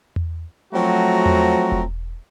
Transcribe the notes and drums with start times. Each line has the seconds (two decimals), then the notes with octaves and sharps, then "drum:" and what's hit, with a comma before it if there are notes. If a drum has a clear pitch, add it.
0.16 drum: tom E2
0.74 F3 F#3 A3 C4 F#4 A#5
1.26 drum: tom E2
1.72 drum: kick E1